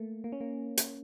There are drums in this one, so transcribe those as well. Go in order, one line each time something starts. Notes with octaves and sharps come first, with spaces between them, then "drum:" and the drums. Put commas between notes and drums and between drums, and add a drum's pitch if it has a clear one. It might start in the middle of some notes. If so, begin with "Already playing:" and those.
Already playing: A3 A#3
A#3
C#4
A#3
drum: hi-hat